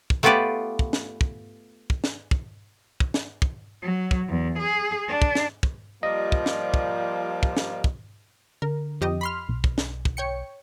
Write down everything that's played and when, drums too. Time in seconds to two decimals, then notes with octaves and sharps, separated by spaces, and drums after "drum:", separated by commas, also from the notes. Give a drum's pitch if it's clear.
0.10 drum: kick
0.23 A3 B3 F4 G4 B4 D5
0.79 drum: kick
0.93 drum: snare
1.21 drum: kick
1.90 drum: kick
2.04 drum: snare
2.31 drum: kick
3.00 drum: kick
3.14 drum: snare
3.42 drum: kick
3.82 F#3
4.11 drum: kick
4.28 E2
4.59 G#4
5.08 D4
5.22 drum: kick
5.35 drum: snare
5.63 drum: kick
6.03 F3 G3 A#3 D#5
6.32 drum: kick
6.46 drum: snare
6.74 drum: kick
7.43 drum: kick
7.57 drum: snare
7.84 drum: kick
8.62 D3 A#4
9.01 F2 G4 D#5
9.21 B5 C6 F6
9.49 B1
9.64 drum: kick
9.78 drum: snare
10.05 drum: kick
10.17 C#5 G5 C#7